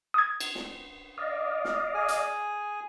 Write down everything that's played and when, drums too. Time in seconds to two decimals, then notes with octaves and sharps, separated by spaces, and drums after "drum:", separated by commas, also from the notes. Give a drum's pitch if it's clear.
0.14 D#6 G#6
0.40 drum: cymbal
0.55 drum: snare
1.18 D5 D#5 F5
1.65 drum: snare
1.94 G#4 G#5
2.08 drum: hi-hat